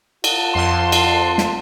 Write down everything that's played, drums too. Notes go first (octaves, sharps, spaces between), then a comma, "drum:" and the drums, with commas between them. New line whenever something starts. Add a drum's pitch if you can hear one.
F4 F#5 A5, drum: cymbal
F2 C6
drum: cymbal
drum: snare